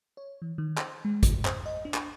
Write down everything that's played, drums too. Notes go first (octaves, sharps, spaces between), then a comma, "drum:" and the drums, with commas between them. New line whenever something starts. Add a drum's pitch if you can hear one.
C#5
E3
D#3
C5, drum: clap
G#3
B1, drum: kick A1, hi-hat
C5, drum: clap
D#5
D4
drum: clap